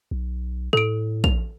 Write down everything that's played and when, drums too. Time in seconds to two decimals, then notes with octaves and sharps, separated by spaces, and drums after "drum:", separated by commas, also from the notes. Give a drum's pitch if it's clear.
0.11 B1
0.73 A2 A4 D7
1.24 F7, drum: kick